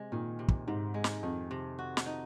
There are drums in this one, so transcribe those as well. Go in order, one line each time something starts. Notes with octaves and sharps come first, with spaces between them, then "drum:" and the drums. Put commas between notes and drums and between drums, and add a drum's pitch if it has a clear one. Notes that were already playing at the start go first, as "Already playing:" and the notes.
Already playing: C3 G#3
A#2 D#3
C3
drum: kick
G#2 C3
G#3
drum: snare
F2 D#3
C3
F#4
drum: snare
D#4